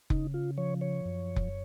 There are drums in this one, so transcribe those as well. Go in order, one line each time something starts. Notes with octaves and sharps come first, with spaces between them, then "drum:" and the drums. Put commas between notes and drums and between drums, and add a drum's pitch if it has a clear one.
C#3 D#4, drum: kick F1
F4
F3 C#5
C#5
F#2
drum: kick F1